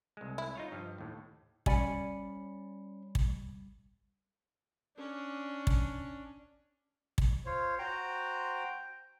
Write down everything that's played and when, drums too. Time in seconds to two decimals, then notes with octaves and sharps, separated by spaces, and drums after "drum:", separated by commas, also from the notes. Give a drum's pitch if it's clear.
0.17 C2 G#3
0.38 E4
0.55 D#4 F4 C#5
0.72 G2 F3
0.98 D#2 A2
1.66 G3 C#4 D5 G#5 B5 C#7, drum: kick
3.15 drum: kick
4.97 C#4 D4
5.67 drum: kick
7.18 drum: kick
7.46 F4 C5 C#5
7.79 F#4 C5 G5 A#5